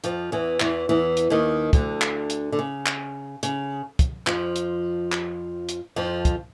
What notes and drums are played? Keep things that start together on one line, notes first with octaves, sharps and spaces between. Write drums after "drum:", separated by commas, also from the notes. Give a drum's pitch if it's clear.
F2 F3, drum: hi-hat
E2 E3
E2 E3, drum: clap
E2 E3
drum: hi-hat
D#2 D#3
D2 D3, drum: kick, hi-hat
drum: clap
drum: hi-hat
D3
C#3
drum: clap
C#3, drum: hi-hat
drum: kick, hi-hat
F2 F3, drum: clap
drum: hi-hat
drum: clap
drum: hi-hat
F2 F3
drum: kick, hi-hat